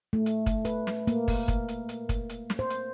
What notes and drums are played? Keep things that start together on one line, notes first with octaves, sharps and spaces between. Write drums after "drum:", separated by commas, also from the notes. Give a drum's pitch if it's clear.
A3
drum: hi-hat
drum: kick, hi-hat
B4, drum: hi-hat
drum: snare
A#3, drum: hi-hat
drum: kick, open hi-hat
drum: kick, hi-hat
drum: hi-hat
drum: hi-hat
drum: kick, hi-hat
drum: hi-hat
drum: snare
C5
drum: hi-hat